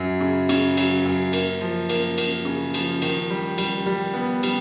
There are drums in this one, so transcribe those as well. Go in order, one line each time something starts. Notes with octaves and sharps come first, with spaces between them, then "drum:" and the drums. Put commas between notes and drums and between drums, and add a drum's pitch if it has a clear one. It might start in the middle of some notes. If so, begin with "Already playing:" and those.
Already playing: F#2 F#3
C#3
C#3, drum: cymbal
F#3, drum: cymbal
F#2
A#3, drum: cymbal
F3
A#3, drum: cymbal
A#3, drum: cymbal
C#3
F3, drum: cymbal
D#3, drum: cymbal
G3
G3, drum: cymbal
G3
B3
G3, drum: cymbal